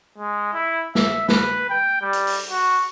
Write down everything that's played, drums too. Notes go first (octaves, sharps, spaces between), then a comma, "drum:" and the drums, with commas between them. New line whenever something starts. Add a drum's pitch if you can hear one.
G#3
E4
E5, drum: snare
B4, drum: snare
G5
G3
drum: hi-hat
drum: open hi-hat
F#4